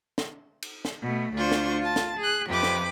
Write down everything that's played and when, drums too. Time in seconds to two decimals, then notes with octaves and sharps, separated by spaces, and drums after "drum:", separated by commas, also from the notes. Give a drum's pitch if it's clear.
0.18 drum: snare
0.62 drum: cymbal
0.85 drum: snare
1.03 B2 A3
1.35 D2 D4 F4 C5 C#6
1.52 drum: snare
1.80 F4 A5
1.96 drum: snare
2.18 G#4 F#6
2.47 F2 C3 F3 G4 B4 D6
2.63 drum: snare